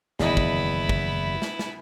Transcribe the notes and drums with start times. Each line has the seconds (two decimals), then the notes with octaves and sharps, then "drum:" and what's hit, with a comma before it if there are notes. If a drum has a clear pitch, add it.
0.19 F#1 E2 D#3 B3 E4 D#5, drum: snare
0.37 drum: kick
0.89 drum: kick
1.42 drum: snare
1.59 drum: snare